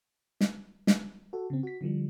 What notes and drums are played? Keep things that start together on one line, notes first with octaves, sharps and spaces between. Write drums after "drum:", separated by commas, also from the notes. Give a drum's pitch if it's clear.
drum: snare
drum: snare
F#4 A4
C#3 C4
F#4 B6
D3 E3 F3 G3